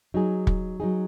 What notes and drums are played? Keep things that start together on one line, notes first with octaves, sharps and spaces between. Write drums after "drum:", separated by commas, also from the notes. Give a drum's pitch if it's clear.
F#3 D#4 G#4
drum: kick
F#3 D#4 G#4